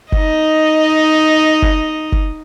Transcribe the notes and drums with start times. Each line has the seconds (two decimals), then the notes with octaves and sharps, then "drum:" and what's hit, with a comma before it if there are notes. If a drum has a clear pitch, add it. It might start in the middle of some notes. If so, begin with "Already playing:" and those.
0.12 D#4 D#5, drum: kick F#1
1.62 drum: kick F#1
2.12 drum: kick F#1